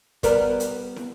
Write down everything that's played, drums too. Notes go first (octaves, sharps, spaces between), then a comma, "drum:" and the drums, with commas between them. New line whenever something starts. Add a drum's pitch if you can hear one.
G3 B3 A#4, drum: kick, hi-hat
drum: hi-hat
drum: snare